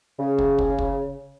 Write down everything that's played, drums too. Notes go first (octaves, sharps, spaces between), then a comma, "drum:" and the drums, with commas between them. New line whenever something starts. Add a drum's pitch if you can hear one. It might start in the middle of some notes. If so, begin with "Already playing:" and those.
C#3
drum: kick
drum: kick
drum: kick